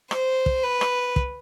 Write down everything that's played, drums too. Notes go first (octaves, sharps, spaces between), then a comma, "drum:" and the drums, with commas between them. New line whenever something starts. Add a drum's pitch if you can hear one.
C5, drum: rim click
drum: kick
B4
drum: rim click
drum: kick